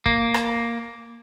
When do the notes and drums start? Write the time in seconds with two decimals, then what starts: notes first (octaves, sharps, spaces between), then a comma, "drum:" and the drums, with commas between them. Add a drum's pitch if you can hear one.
0.06 A#3, drum: kick
0.34 drum: rim click